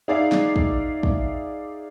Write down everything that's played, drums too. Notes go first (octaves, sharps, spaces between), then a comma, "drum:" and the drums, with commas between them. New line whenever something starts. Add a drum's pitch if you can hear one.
D#4 G#4 D5 E5 F5
drum: snare
drum: kick
drum: kick